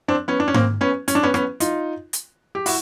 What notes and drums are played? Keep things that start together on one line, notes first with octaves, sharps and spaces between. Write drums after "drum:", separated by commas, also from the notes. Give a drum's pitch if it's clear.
C4 D4
B3 C#4
D4
C#4
A#3 C4, drum: tom G#2
B3 C#4
C#4, drum: hi-hat
D4
B3 C#4
B3 C#4, drum: rim click
D#4 F4, drum: hi-hat
drum: hi-hat
G4
E4 F#4, drum: open hi-hat